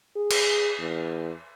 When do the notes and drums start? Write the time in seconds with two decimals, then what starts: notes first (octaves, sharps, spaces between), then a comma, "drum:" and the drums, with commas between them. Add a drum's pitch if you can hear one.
0.16 G#4
0.31 drum: cymbal
0.79 E2